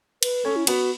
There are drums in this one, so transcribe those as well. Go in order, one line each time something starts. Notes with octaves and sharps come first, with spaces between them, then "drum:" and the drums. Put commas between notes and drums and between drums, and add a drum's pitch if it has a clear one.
B4, drum: cymbal
C#4 A4 C#5
E4
B3 F#4 B4, drum: cymbal